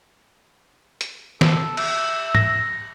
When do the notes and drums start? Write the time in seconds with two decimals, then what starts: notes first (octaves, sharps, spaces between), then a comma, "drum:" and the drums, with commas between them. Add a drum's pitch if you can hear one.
1.01 drum: hi-hat
1.41 A4, drum: snare
1.77 E5, drum: cymbal
2.35 A#6, drum: tom